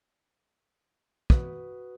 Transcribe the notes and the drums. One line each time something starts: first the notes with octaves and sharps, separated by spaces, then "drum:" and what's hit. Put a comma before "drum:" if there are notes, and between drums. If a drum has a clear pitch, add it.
F#4 B4 D#6, drum: kick